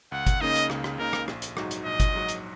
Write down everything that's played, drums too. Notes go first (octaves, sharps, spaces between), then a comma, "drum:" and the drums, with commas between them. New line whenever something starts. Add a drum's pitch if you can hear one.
C#2 F#5
drum: kick G1, hi-hat
C#3 A#3 D#4 D#5
drum: hi-hat
C#2, drum: rim click
drum: rim click
C#3 A#3 D#4 A#4
drum: rim click
A#1, drum: rim click
drum: hi-hat
G#2 F#3 D#4 F#4, drum: rim click
drum: hi-hat
A#1 D#5
drum: kick G1, hi-hat
G#2 F#3 D#4 F#4
drum: hi-hat